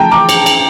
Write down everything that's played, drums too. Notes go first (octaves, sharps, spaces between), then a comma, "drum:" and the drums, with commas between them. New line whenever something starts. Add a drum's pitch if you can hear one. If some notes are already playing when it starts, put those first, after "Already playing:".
Already playing: C#3 F3 A3 G5 A5 A#5
A#5 D6
drum: cymbal
drum: cymbal